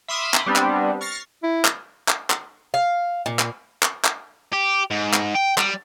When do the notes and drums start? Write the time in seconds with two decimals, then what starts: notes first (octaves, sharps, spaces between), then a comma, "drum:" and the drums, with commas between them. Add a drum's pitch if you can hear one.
0.08 E5 B5 C6 D6 D#6 F6
0.34 drum: clap
0.46 G3 B3 C4 D4
0.56 drum: clap
1.01 C#6 F6 A6 A#6 C7
1.43 E4
1.65 drum: clap
2.08 drum: clap
2.30 drum: clap
2.74 F5
3.26 A#2
3.39 drum: clap
3.83 drum: clap
4.05 drum: clap
4.53 G4
4.91 G#2
5.13 drum: clap
5.35 G5
5.58 G3, drum: clap